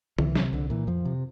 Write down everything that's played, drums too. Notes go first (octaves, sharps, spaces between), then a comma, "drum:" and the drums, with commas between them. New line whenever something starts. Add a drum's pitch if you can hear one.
C2 E3, drum: tom
C3, drum: snare
C2 D3
A#2 E3
F2 F3
C3